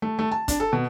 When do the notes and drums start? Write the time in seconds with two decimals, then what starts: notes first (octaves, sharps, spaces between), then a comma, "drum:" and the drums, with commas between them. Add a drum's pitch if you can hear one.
0.02 A3
0.19 A3
0.31 A5
0.48 D4, drum: kick, hi-hat
0.60 A4
0.73 B2